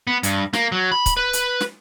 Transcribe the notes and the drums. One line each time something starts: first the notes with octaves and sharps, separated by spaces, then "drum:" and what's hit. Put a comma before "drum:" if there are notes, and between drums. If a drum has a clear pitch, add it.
B3
G2, drum: hi-hat
A#3, drum: snare
F#3
B5
drum: kick, hi-hat
B4
drum: hi-hat
drum: snare